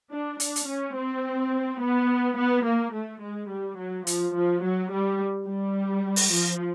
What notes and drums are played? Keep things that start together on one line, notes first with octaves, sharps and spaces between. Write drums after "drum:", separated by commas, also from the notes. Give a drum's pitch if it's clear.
D4
D4, drum: hi-hat
drum: hi-hat
C#4
C4
B3
B3
A#3
A3
G#3
G3
F#3
F3, drum: hi-hat
F3
F#3
G3
G3
drum: open hi-hat
F3